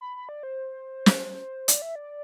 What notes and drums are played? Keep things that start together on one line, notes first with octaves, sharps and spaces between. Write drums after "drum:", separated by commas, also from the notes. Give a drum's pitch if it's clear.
B5
B5
D5
C5
drum: snare
D5, drum: hi-hat
E5
D5